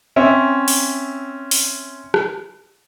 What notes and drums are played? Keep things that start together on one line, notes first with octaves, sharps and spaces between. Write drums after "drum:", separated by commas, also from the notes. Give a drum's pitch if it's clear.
C4 C#4 E5
drum: open hi-hat
drum: open hi-hat
drum: rim click